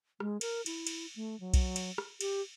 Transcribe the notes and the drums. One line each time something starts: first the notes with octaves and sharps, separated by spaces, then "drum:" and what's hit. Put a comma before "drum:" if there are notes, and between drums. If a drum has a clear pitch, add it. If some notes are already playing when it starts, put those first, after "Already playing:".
G#3, drum: rim click
A#4, drum: cymbal
E4, drum: cymbal
drum: cymbal
A3
F#3
drum: kick B1, cymbal
drum: cymbal
drum: rim click
G4, drum: cymbal